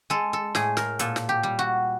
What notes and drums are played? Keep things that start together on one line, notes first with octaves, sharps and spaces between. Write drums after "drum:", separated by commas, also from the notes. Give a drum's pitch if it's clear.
G#3 A4
A4
A2 G#4, drum: snare
A#4, drum: snare
A#2 A4, drum: hi-hat
drum: snare
G4
G3
F#4